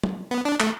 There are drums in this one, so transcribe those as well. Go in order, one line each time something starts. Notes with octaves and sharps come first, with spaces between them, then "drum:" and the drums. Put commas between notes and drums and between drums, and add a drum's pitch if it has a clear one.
drum: tom
B3
D4
A3, drum: clap